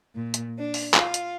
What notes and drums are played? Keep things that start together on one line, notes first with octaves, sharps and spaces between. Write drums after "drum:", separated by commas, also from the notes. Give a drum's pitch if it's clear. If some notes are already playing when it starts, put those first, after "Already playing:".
A#2
drum: hi-hat
D4
drum: open hi-hat
F4, drum: clap
drum: hi-hat